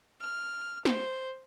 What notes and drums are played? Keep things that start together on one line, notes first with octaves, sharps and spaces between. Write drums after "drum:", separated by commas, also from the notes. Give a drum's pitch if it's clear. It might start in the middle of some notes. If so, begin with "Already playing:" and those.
F6
C5, drum: snare